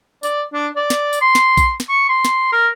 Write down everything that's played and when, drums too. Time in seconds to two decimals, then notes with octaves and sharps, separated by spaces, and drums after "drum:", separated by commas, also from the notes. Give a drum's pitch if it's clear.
0.23 D5, drum: tambourine
0.54 D4
0.76 D5
0.90 drum: snare
1.13 drum: tambourine
1.22 C6
1.35 drum: snare
1.57 drum: kick A#1, tambourine
1.80 drum: snare
1.89 C#6
2.09 C6
2.25 drum: snare
2.53 A#4